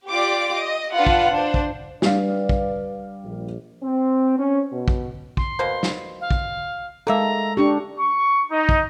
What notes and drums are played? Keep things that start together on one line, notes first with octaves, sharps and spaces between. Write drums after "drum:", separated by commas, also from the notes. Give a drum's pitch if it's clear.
F4 G4 D5 D6
D#5
D4 F4 B4 F#5
drum: kick
D4 C5
drum: kick
G3 D4 B4 D5 F5, drum: snare
drum: kick
A#1
C4
C#4
B2
drum: kick
C6, drum: kick
B2 A#3 C5
drum: snare
F5
drum: kick
D#3 G#3 A#3 A4 E5 A#5
D4 G4 C#6
C#6
D#4
drum: kick